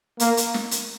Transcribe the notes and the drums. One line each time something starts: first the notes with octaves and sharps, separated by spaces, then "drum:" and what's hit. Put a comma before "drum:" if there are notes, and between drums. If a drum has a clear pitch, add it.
A#3, drum: hi-hat
drum: hi-hat
drum: snare
drum: hi-hat